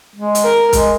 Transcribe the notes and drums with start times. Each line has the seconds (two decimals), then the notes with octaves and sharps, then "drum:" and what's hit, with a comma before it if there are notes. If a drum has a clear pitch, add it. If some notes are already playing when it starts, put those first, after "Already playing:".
0.16 G#3
0.35 drum: hi-hat
0.45 A#4
0.73 G#3, drum: kick, hi-hat